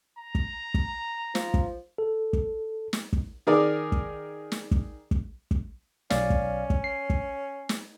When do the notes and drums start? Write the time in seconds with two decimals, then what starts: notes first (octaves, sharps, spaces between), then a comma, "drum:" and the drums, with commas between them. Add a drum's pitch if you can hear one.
0.18 A#5
0.35 drum: kick
0.74 drum: kick
1.35 F3, drum: snare
1.54 drum: kick
1.98 A4
2.33 drum: kick
2.93 drum: snare
3.13 drum: kick
3.47 D#3 G#4 A#4 D5
3.92 drum: kick
4.52 drum: snare
4.71 drum: kick
5.11 drum: kick
5.51 drum: kick
6.10 B1 C#4 D5 F5, drum: snare
6.30 drum: kick
6.70 drum: kick
6.84 C7
7.10 drum: kick
7.69 drum: snare